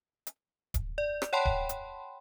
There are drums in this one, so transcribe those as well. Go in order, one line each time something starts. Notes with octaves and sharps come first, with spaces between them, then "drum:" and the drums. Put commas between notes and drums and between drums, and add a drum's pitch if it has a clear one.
drum: hi-hat
drum: kick D1, hi-hat
D5
drum: rim click
C#5 F#5 G5 A5 B5 C6
drum: kick D1
drum: hi-hat